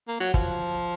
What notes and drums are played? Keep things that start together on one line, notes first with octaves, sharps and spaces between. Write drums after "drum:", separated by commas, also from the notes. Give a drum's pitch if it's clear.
A#3
F#3
F3, drum: kick